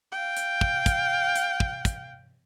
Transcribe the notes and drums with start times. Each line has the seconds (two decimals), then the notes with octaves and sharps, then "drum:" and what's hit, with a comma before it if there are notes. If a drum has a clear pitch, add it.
0.12 F5 G5
0.37 drum: hi-hat
0.61 drum: kick
0.86 drum: kick, hi-hat
1.36 drum: hi-hat
1.60 drum: kick
1.85 drum: kick, hi-hat